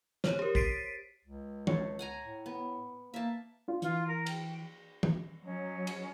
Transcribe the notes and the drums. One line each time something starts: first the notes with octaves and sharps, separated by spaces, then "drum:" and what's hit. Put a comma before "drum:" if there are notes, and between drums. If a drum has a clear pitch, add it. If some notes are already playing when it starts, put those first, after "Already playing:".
C5 C#5, drum: snare
G4 A#4
A6 B6 C7 D7 D#7, drum: kick
C#2
A4 C#5, drum: tom
F#5 G#5 A#5
A2
B3
A#3 E5 A5
D4 F4
E3 F4, drum: hi-hat
A#4
G5, drum: cymbal
drum: tom
F#3 C#4 D#5
drum: cymbal